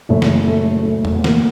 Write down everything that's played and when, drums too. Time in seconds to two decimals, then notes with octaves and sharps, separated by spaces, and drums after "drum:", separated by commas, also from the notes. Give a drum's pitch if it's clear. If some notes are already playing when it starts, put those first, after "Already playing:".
0.09 F#1 F#2 C#3 A3
0.22 drum: snare
0.47 A3
0.86 A3
1.05 A3, drum: tom E2
1.15 B3
1.24 A#3, drum: snare